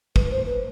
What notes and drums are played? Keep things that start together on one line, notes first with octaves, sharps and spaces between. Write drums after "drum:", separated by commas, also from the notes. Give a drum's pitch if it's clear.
B4, drum: kick
C5
B4